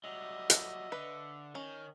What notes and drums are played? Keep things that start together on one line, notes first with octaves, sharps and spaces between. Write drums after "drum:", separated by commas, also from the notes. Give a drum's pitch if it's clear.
F#3 G3 D#5 E5
drum: hi-hat
D3 B4
D#3 C#4